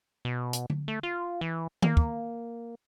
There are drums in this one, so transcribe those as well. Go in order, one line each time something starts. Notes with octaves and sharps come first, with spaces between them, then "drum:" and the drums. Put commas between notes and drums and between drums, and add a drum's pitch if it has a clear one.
B2
drum: hi-hat
drum: tom D3
A3
F4
E3
A#3, drum: tom D#3
drum: kick